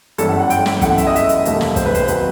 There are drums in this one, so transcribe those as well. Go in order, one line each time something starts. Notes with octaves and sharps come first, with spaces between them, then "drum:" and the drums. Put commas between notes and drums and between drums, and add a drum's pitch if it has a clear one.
G1 F#2 E3 G3 A4, drum: hi-hat
F#5
F#5
G5, drum: hi-hat
drum: snare
G1 F#2 E3 A3 F#5, drum: kick, hi-hat
E5, drum: hi-hat
D#5
E5, drum: hi-hat
drum: hi-hat
E1 D#2 D#3 A3, drum: hi-hat
drum: snare
C5, drum: kick, hi-hat
B4
C5, drum: hi-hat
D#3 F#3 C4 B4, drum: hi-hat